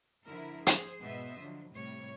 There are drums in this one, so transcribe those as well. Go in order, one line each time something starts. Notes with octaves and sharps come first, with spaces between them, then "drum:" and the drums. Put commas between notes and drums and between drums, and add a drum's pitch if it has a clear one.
D3 F3 E4 A#4
G#4 C5, drum: hi-hat
G#2 B2 B3 C5 D#5 E5
D3 F3 F#3
A2 C3 G3 C#5